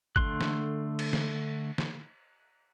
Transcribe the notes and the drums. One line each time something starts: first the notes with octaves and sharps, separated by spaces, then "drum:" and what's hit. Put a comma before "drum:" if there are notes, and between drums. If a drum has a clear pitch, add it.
D3 A3 C6 F#6, drum: kick G#1
drum: snare
drum: cymbal
drum: snare
drum: snare